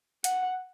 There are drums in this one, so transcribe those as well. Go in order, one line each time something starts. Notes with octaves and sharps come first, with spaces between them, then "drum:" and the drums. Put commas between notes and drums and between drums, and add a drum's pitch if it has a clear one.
F#5, drum: hi-hat